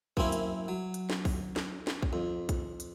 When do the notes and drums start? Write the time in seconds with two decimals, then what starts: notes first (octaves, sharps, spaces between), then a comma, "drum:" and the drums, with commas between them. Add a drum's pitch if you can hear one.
0.17 F#2 A#3 C4 C#4 E4, drum: kick
0.32 drum: hi-hat
0.68 F#3
0.94 drum: hi-hat
1.10 drum: snare
1.25 drum: kick, open hi-hat
1.56 drum: snare
1.87 drum: snare
2.02 drum: kick
2.13 F2
2.49 drum: kick, hi-hat
2.80 drum: hi-hat